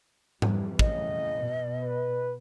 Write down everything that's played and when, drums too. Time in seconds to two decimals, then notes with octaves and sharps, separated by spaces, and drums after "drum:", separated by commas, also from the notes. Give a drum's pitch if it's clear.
0.42 F2 E3 G3, drum: tom G#2
0.79 A2 C#3 D#5, drum: kick
1.35 B2
1.82 B4